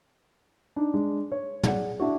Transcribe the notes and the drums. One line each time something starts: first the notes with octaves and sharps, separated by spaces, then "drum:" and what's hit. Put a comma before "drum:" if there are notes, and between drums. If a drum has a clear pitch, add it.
D4 D#4
G#3 D4
C#5
G#4 D5 F#5, drum: tom
D4 E4 F#4